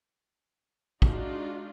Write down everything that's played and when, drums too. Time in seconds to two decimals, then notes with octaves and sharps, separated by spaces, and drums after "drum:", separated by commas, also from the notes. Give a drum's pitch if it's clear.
1.02 G#3 D4 D#4 F4 F#4, drum: kick